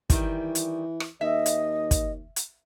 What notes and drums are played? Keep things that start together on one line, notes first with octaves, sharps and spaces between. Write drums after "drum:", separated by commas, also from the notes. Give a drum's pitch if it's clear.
D#3 E3 G3, drum: kick, hi-hat
drum: hi-hat
drum: rim click
D#2 D#5 E5
drum: hi-hat
drum: kick, hi-hat
drum: hi-hat